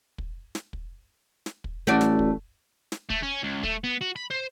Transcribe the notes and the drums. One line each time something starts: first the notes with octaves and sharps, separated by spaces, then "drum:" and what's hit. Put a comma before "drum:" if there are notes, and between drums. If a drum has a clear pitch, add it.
drum: kick
drum: snare
drum: kick
drum: snare
drum: kick
A1 A3 F#4 D5
drum: snare
drum: kick
drum: snare
A3, drum: kick
C#4
C#2
A3, drum: kick
B3
F#4
B5
C5